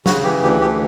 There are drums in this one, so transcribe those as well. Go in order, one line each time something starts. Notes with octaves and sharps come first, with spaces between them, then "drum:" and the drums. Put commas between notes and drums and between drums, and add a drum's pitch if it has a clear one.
C#3 F#4, drum: snare
E3 G4
D2 G4
D2 G4